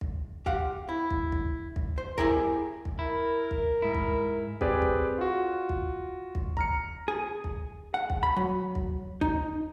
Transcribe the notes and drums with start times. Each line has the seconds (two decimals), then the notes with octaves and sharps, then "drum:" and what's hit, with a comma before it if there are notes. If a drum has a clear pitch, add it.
0.01 drum: kick
0.46 G4 F5 F#5, drum: kick
0.89 E4
1.10 drum: kick
1.32 drum: kick
1.76 drum: kick
1.98 C5
2.18 E4 G4 G#4 A#4, drum: kick
2.85 drum: kick
2.99 E4 A#4
3.51 drum: kick
3.82 G#2 E4
3.95 drum: kick
4.61 C4 G4 G#4 B4 D5 G#5, drum: kick
4.82 drum: kick
5.18 F4 F#4
5.69 drum: kick
6.35 drum: kick
6.57 A#5 F6 C#7, drum: kick
7.08 G#4
7.44 drum: kick
7.94 F#5
8.10 drum: kick
8.23 B5
8.36 F#3
8.75 drum: kick
9.21 D#4, drum: kick